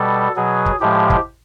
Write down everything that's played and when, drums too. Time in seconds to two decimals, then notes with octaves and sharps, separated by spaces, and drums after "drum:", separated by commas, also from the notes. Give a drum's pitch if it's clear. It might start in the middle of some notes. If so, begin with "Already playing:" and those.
Already playing: B2 G3 A4
0.36 B2 F#3 G#4
0.66 drum: kick
0.80 A2 F3 G#3 G4
1.10 drum: kick